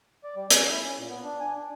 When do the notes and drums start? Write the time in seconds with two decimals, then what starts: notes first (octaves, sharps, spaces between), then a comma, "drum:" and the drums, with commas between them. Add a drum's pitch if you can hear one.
0.24 D5
0.36 G3
0.50 C#4, drum: hi-hat
0.69 E4
0.83 C#4
0.97 A#2
1.09 B3
1.24 D4
1.40 G#5
1.56 D4